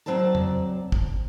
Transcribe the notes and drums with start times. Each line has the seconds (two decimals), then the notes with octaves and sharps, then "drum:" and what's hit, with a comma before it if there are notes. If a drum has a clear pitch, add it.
0.06 D2 F#3 C4 D5 A5
0.35 drum: tom
0.92 drum: kick